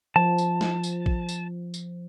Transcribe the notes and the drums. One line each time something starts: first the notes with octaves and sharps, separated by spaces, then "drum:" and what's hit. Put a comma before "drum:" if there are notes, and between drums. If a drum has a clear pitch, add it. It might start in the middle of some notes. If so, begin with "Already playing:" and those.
F3 A5
drum: tambourine
drum: snare
drum: tambourine
drum: kick
drum: tambourine
drum: tambourine